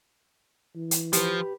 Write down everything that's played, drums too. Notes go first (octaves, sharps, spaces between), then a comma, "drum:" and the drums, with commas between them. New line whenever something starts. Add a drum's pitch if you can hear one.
E3
drum: hi-hat
F3 G4 B4, drum: hi-hat